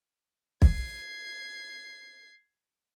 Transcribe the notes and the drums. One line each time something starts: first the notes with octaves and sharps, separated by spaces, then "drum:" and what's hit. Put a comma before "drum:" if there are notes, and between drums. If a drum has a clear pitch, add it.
G#6 C7, drum: kick